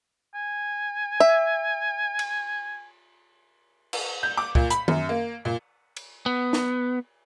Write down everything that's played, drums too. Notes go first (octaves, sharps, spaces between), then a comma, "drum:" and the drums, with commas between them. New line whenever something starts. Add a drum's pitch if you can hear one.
G#5
E5
drum: cymbal
drum: cymbal
G6
D6
A#2, drum: kick
B5, drum: hi-hat
F#2, drum: tom D#3
A#3
A#2
drum: cymbal
B3
drum: snare